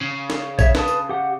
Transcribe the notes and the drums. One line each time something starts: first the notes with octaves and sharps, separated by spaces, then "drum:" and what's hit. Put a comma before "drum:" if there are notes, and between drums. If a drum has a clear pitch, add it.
C#3
drum: snare
C#5 E5, drum: kick A#1, tambourine
B4 A5 D#6, drum: snare
drum: tambourine
G4 F#5